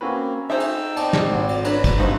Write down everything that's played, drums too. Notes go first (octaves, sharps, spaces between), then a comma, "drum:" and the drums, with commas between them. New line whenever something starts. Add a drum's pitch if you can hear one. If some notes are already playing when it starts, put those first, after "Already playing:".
A#3 C4 C#4 F#4 B4
D#4 G#4 C5 E5 G5 A5 E6
drum: cymbal
C4 D5 A5, drum: cymbal
drum: snare
G#1
drum: cymbal
D4 B4 C#5 A#5 B5, drum: cymbal
drum: kick, cymbal
C#2 G2 E3 F#3 B3 C4 D#4 C5